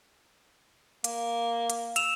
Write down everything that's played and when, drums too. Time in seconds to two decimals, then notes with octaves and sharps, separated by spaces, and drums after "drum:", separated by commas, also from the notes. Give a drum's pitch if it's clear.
1.04 A#3, drum: hi-hat
1.70 drum: hi-hat
1.96 E6 E7 F7, drum: hi-hat